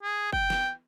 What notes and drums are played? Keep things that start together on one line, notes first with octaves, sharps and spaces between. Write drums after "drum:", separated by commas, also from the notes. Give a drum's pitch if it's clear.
G#4
G5, drum: kick
drum: snare